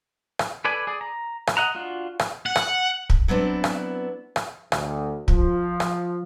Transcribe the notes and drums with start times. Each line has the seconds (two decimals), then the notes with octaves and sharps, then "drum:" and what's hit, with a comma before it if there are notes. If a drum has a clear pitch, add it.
0.39 drum: rim click
0.65 A4 B4 D5 G#5
0.87 G#4 D5
1.01 A#5
1.47 drum: rim click
1.57 D#5 F#5 A#5
1.75 D4 F4 F#4
2.20 drum: rim click
2.46 F#5
2.56 drum: rim click
3.10 drum: kick
3.28 F#3 B3 C4 D4 E4
3.64 drum: rim click
4.36 drum: rim click
4.72 D2, drum: rim click
5.28 F3, drum: kick
5.80 drum: rim click